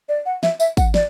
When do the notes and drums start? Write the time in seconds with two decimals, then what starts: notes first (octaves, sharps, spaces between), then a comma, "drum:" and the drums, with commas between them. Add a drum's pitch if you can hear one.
0.09 D5
0.26 F#5
0.43 E5, drum: snare
0.60 E5, drum: tambourine
0.77 F#5, drum: kick, tambourine
0.94 D5, drum: snare